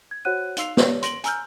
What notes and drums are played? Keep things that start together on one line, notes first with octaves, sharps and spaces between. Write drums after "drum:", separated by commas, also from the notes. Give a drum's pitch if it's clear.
G#6
F#4 C5 C#5 F#5 F#6 D#7
D#4 F5 C6 E6 C7 F7, drum: hi-hat
G4 B4 C#5 D5, drum: snare
C6 A#6 D7 F#7, drum: hi-hat
G#5 A#5 E6 F6 G6, drum: hi-hat